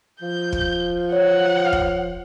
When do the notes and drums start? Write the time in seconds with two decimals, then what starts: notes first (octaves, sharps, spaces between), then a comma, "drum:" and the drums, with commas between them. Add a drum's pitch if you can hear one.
0.22 F3 G6
0.52 drum: kick
1.12 C#5 F#5
1.72 drum: kick